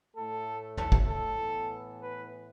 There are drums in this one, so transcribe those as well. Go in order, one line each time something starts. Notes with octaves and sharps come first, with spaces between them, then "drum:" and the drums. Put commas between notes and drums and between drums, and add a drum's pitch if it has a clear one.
A2 A3 A4
A4, drum: tom
drum: kick
A4
A2 E3 B3
B4